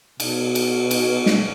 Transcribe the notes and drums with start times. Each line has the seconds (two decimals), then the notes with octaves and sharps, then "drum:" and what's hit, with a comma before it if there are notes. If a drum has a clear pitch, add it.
0.20 B2, drum: cymbal
0.55 drum: cymbal
0.91 drum: cymbal
1.26 drum: snare